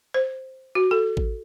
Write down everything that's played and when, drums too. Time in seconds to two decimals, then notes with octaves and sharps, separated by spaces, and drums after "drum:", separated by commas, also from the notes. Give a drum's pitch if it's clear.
0.14 C5
0.75 F#4
0.91 A4
1.17 drum: kick A1